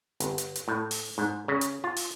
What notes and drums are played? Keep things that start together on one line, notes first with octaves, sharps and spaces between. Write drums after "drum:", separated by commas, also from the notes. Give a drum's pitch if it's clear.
G1, drum: hi-hat
drum: hi-hat
drum: hi-hat
A2
drum: open hi-hat
G#2
C#3
drum: hi-hat
F4
drum: open hi-hat